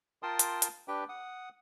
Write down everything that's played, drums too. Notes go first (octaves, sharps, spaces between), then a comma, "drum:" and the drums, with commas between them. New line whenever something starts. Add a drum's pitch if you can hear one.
F4 A#4 G5 A5 C6 D#6
drum: hi-hat
drum: hi-hat
D4 G4 B4 G5
F#5 D#6